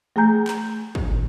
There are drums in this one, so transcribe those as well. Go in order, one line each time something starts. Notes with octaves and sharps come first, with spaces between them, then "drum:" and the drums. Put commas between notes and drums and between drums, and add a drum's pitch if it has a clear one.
A3 G#4 G#5 A#5 G6, drum: tom E3
drum: clap
drum: kick
drum: tom